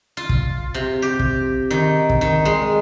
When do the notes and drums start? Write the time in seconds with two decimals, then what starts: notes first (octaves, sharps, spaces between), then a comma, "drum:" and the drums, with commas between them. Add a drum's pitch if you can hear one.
0.17 F4
0.29 drum: kick
0.74 C3
1.02 G4
1.19 drum: kick
1.71 D#3
2.09 drum: kick
2.21 D#3
2.45 G#3